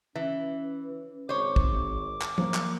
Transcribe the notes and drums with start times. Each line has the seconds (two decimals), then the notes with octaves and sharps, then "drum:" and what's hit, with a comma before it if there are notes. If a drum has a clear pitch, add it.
0.15 E3 C#4 B4 E5
1.29 G#1 C5 C#5 D6
1.56 drum: kick
2.22 drum: clap
2.38 F3 A#3, drum: tom
2.54 drum: clap